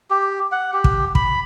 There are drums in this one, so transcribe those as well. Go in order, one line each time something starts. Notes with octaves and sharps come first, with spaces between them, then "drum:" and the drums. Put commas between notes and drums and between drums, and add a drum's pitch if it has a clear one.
G4
F#5
G4
drum: kick
B5, drum: kick